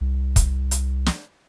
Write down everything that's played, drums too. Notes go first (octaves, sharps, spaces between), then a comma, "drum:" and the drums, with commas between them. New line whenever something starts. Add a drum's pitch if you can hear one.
C2
drum: kick, hi-hat
drum: hi-hat
drum: snare